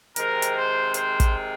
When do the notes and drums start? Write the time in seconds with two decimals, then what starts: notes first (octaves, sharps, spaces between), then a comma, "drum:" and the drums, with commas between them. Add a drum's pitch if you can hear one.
0.16 C3 D#3 G#3 C4 A#4, drum: hi-hat
0.42 drum: hi-hat
0.55 C5
0.94 C5, drum: hi-hat
1.20 drum: kick, hi-hat